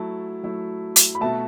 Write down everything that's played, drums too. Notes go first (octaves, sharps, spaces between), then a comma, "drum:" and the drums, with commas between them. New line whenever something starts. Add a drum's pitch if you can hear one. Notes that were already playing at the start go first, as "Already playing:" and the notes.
Already playing: F#3 A3 E4 A5
F#3 A3 E4
drum: hi-hat
B5
B2 A3 F#4 E5 A5